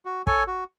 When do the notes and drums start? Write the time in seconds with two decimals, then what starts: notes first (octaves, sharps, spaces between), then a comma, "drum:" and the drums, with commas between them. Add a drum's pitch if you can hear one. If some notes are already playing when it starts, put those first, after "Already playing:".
0.05 F#4
0.27 A4 C#5 G#5, drum: kick
0.47 F#4